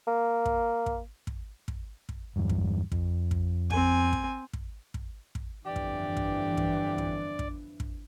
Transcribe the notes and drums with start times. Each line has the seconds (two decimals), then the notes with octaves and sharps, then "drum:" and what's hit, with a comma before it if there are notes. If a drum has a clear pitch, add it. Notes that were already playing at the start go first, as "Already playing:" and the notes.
0.07 A#3
0.46 drum: kick
0.86 drum: kick
1.27 drum: kick
1.68 drum: kick
2.09 drum: kick
2.36 E2 G2
2.49 drum: kick
2.92 F2, drum: kick
3.31 drum: kick
3.70 C4 G#5, drum: kick
4.13 drum: kick
4.53 drum: kick
4.94 drum: kick
5.35 drum: kick
5.65 G1 F2 E3 D4 G4 D5
5.76 drum: kick
6.17 drum: kick
6.57 drum: kick
6.98 drum: kick
7.39 drum: kick
7.80 drum: kick